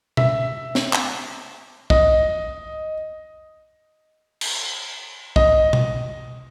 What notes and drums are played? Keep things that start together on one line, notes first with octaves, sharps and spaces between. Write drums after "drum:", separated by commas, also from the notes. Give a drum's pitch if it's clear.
E5, drum: tom B2
drum: snare
drum: clap
D#5, drum: kick
drum: cymbal
D#5, drum: kick
drum: tom B2